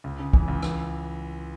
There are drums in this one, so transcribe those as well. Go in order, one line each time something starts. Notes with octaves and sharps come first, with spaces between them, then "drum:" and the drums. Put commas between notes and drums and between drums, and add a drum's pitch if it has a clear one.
C#2
C#3
E3, drum: kick
C#2
E3, drum: rim click